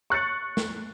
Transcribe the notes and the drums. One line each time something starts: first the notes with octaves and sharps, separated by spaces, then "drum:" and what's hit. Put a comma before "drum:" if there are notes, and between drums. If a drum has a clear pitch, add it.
C#6 F#6 A6 C#7
drum: snare